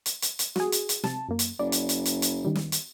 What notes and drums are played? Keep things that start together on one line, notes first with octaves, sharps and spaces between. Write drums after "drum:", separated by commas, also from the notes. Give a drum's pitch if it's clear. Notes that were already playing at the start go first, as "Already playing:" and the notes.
drum: hi-hat
drum: hi-hat
drum: hi-hat
F#4 G#4, drum: snare
drum: hi-hat
drum: hi-hat
C3 A5, drum: snare
F#2 A#3
drum: hi-hat
F#1 D5
drum: hi-hat
drum: hi-hat
drum: hi-hat
drum: hi-hat
D#3 G3
drum: snare
drum: hi-hat